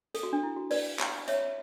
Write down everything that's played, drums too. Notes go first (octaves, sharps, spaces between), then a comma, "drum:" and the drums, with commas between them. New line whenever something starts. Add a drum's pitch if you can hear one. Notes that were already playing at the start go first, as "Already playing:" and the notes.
A4, drum: hi-hat
F#4
D4
E4
F#4
B4 D5, drum: open hi-hat
drum: clap
C#5 E5, drum: hi-hat